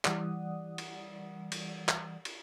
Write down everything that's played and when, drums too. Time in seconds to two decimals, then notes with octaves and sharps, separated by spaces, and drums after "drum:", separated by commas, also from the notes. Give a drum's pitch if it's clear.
0.05 E3 G3 D5 F#5 D#6, drum: clap
0.78 drum: cymbal
1.52 drum: cymbal
1.89 drum: clap
2.25 drum: cymbal